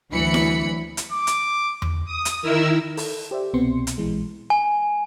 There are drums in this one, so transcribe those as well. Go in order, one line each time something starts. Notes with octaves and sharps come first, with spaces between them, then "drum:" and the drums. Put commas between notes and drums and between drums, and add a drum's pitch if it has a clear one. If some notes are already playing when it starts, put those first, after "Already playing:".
D2 E3 F#3 B5 C#7
drum: snare E4
drum: hi-hat
D6
drum: hi-hat
drum: tom E2
D#6
drum: hi-hat
D#3 E4 A#4 E6
A4, drum: open hi-hat
G4 C5 D5 E5
C2 B2 B3 C4 C6 C#7
drum: hi-hat
A#1 E3 G#3
G#5